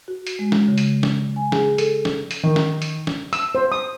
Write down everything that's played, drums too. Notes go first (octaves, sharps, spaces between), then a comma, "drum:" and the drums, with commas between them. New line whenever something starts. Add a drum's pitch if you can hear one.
F#4
drum: hi-hat
G#3
drum: snare
C#3
drum: hi-hat
drum: snare
G#5
G#4, drum: snare
A4, drum: hi-hat
drum: snare
drum: hi-hat
D#3
drum: snare
drum: hi-hat
drum: snare
E6, drum: hi-hat
C5
D#6